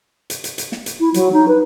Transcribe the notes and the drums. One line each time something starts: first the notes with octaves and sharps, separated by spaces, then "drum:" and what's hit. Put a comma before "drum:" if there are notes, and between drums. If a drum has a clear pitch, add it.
drum: hi-hat
drum: hi-hat
drum: hi-hat
drum: snare
drum: hi-hat
E4
F#3, drum: hi-hat
D#4
B4